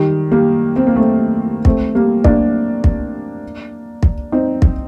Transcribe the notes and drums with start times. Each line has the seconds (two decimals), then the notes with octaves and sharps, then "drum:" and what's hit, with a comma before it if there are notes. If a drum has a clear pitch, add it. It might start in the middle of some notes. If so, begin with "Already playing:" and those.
Already playing: D#3 G3
0.32 G3 A#3
0.76 C4
0.87 A#3
0.96 A3 C4
1.65 A3 C4, drum: kick
1.95 G3 A#3
2.24 A#3 D4, drum: kick
2.84 drum: kick
4.03 drum: kick
4.32 C4 D#4
4.62 drum: kick